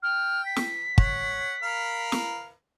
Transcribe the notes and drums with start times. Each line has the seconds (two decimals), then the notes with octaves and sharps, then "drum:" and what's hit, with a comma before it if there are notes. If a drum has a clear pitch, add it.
0.03 G5 F6
0.46 B6
0.56 drum: snare
0.98 C#5 F#5, drum: kick
1.62 A#4 F5 B5
2.12 drum: snare